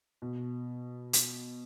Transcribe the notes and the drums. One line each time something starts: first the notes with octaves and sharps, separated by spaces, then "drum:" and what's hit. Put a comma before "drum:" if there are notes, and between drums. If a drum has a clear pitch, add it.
B2
drum: hi-hat